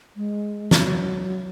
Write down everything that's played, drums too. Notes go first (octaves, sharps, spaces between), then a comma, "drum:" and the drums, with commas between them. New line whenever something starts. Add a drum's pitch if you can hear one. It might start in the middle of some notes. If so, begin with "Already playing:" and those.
G#3
F#3, drum: snare